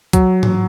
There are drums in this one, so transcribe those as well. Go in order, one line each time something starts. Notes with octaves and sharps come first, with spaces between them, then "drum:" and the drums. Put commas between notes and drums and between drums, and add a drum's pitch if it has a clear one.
F#3, drum: kick, hi-hat
drum: tom